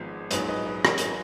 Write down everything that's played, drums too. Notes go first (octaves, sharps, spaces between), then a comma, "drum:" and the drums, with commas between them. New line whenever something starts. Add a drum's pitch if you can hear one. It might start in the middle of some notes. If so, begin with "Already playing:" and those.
Already playing: G#1 G#2 F3 G#3 B3
A#1 G#2 F#3 B4 D#5, drum: hi-hat
B4 D#5
B4 D#5
A#4 C#5, drum: rim click
drum: hi-hat